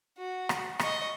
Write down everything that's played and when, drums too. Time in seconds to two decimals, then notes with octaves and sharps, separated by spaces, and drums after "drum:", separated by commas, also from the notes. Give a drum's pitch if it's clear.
0.18 F#4
0.49 drum: rim click
0.79 D#5 C#6, drum: rim click